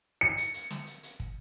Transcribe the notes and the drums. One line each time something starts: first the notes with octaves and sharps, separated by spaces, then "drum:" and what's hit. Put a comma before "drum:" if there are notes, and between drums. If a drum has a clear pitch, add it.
C#7
drum: hi-hat
drum: hi-hat
drum: snare
drum: hi-hat
drum: hi-hat
drum: kick